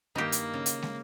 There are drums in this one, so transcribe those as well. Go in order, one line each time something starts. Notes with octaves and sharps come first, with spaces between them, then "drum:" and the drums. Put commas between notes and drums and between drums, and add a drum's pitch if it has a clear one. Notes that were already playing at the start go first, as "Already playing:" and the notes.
G2 D#3 A#3 D#4 G4
drum: hi-hat
C#3 D#5
drum: hi-hat
drum: snare